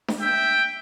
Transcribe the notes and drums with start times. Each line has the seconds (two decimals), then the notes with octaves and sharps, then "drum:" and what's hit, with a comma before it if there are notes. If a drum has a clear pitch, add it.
0.08 drum: snare D4
0.21 E5 G5